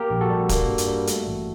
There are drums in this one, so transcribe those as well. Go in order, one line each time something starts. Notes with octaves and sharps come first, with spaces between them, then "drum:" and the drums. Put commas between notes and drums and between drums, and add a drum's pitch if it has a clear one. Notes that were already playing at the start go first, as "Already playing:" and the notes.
Already playing: A#3 G4 A#4
A#1
F#4 A4
G3
A#3, drum: kick, hi-hat
G2
drum: hi-hat
G3
A3, drum: hi-hat
A1